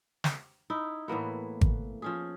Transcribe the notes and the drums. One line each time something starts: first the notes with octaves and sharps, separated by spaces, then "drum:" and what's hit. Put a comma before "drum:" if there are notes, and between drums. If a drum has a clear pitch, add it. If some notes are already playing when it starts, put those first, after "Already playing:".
drum: snare
D#4 E4
A2 E3 A#3 B3
drum: kick G#1
F3 C#4 G#4